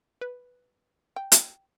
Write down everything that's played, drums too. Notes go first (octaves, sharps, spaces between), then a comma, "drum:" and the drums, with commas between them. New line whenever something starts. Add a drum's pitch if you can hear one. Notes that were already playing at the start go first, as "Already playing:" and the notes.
B4
G5
drum: hi-hat